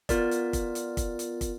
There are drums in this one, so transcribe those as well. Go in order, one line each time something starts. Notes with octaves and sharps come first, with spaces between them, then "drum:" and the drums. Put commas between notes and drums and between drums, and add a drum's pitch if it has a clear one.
B3 F4 A#4 D5, drum: kick, hi-hat
drum: hi-hat
drum: kick, hi-hat
drum: hi-hat
drum: kick, hi-hat
drum: hi-hat
drum: kick, hi-hat